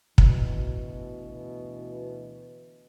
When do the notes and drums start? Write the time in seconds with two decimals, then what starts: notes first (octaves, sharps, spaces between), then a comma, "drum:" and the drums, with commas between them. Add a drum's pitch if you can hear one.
0.18 D2 B2 E3, drum: kick